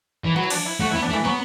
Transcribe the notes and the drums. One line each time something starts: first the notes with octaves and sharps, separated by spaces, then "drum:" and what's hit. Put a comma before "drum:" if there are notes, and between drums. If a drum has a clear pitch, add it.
E3
F#3 B3
E4
D4, drum: cymbal
E4
A3 F#4
E4
B3
D4
A3
E3
F#3 B3